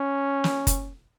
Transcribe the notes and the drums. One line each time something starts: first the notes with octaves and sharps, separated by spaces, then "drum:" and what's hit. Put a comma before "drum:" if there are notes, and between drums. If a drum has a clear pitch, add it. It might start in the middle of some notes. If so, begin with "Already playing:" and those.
Already playing: C#4
drum: snare
drum: kick F#1, hi-hat